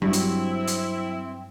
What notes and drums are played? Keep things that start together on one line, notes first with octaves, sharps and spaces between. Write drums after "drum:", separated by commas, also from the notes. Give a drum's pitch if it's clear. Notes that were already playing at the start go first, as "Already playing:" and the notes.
G2 F#3 C4 E4
drum: hi-hat
drum: hi-hat